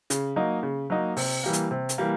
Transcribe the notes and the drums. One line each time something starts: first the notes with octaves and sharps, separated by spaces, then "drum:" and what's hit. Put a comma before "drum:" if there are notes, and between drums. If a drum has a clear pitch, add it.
C#3, drum: hi-hat
F#3 A#3 D#4
C#3
F#3 A#3 D#4
C3, drum: open hi-hat
E3 G3 A#3
drum: hi-hat
C3
drum: hi-hat
E3 G3 A#3